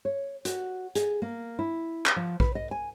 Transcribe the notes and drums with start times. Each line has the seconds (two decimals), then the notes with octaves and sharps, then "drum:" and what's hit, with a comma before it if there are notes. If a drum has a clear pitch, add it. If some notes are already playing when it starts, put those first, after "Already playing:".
0.05 C#5
0.45 F#4, drum: hi-hat
0.95 G#4, drum: hi-hat
1.22 A#3
1.59 E4
2.06 drum: clap
2.16 F3
2.40 B4, drum: kick A#1
2.55 D#5
2.71 G#5